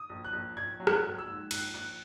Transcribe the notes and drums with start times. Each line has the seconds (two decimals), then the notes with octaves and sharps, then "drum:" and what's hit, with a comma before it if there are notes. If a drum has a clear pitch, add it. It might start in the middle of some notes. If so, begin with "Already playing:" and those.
Already playing: D#6
0.09 A#1
0.24 F#6
0.33 A#1
0.56 A#1 G#6
0.80 F#3
0.87 F#6, drum: rim click
1.03 A#1
1.18 E6
1.27 G#2
1.51 A#1 F#6, drum: cymbal
1.73 A#1 F#6